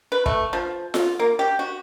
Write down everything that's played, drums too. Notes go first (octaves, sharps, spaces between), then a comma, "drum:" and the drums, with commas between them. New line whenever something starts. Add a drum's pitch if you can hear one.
B4
A3, drum: kick
F3
F4, drum: snare F4
A#3
G4
F#4